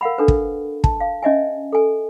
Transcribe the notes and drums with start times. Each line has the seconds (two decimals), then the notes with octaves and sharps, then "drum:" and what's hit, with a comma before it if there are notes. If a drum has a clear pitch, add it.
0.01 A#4 F5 F#5 B5
0.18 D4 A4 B4
0.28 drum: kick
0.84 A5, drum: kick
1.00 F5
1.22 C#4 D#5 E5 G#5
1.72 A4 G#5